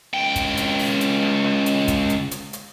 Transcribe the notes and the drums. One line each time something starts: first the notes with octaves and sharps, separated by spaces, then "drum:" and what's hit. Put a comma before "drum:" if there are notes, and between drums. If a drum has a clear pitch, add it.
C#2 G5
drum: kick, hi-hat
drum: hi-hat
drum: open hi-hat
drum: hi-hat
drum: snare
drum: snare
drum: hi-hat
drum: kick, hi-hat
drum: hi-hat
drum: hi-hat
drum: hi-hat